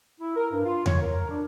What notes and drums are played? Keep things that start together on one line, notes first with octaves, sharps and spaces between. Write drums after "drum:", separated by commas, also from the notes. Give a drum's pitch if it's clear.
E4
A#4
G2
F4
C#5, drum: tom E2
A#4
D4